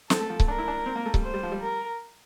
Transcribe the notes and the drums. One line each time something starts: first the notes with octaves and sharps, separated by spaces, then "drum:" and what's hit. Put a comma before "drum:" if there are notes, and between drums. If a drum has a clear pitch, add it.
C4 A4, drum: snare
A3
F3
A3, drum: kick C#1
D4 A#4
E4
D4
C4
A#3
A3
G3, drum: kick C#1
C5
G3
F3
G3
A#4